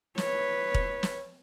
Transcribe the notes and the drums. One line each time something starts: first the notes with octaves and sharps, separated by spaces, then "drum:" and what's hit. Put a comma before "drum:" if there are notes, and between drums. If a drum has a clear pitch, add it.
B4 C#5, drum: snare
drum: kick E1
drum: snare